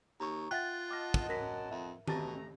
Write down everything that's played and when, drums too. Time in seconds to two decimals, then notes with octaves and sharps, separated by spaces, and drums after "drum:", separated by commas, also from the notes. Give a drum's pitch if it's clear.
0.20 D#2 A#5 C#6
0.51 F4 E5 F#5 G5 F#6 A6
0.91 D#5 F#5 A5 D6 F6 A#6
1.14 drum: kick
1.29 F#2 A#4 A#6 B6
1.71 F2 E5
2.08 B2 A3 G4 A5 A#5 A6, drum: tom D#3